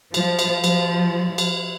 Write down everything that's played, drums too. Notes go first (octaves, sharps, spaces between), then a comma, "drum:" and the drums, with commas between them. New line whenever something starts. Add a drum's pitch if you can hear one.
F3, drum: cymbal
drum: cymbal
F3, drum: cymbal
drum: cymbal